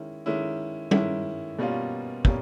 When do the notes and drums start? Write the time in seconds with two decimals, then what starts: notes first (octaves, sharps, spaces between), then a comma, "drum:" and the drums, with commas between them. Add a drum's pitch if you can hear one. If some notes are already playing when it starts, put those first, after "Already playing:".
Already playing: D#3 G#3 C#4 E4
0.26 D#3 G#3 C#4 E4
0.91 D#3 G#3 C#4 E4, drum: tom G3
1.59 B2 G3 A#3 C#4 F4
2.25 B2 G3 A#3 C#4, drum: kick